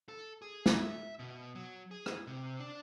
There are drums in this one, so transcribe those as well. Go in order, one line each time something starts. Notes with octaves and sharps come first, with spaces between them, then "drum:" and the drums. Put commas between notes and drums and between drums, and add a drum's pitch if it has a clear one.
A4
G#4
drum: snare
E5
B2
F#3
G#4
drum: rim click
C3
D4